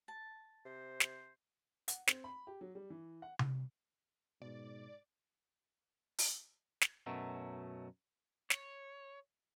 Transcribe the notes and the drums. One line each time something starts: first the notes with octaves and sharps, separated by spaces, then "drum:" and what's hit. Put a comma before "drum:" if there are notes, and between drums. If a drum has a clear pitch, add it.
A5
C3 C5
drum: snare
F#5, drum: hi-hat
C4, drum: snare
B5
G4
F#3
G3
E3
F#5
drum: tom C3
G#2 B2 D5
drum: open hi-hat
drum: snare
F#2 B2 F#3 A3
C#5, drum: snare